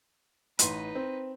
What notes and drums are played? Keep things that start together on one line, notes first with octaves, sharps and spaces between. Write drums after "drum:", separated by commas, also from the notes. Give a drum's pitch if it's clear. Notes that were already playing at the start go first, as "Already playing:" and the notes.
A1 D#4 B4 C6 D#7, drum: hi-hat
C4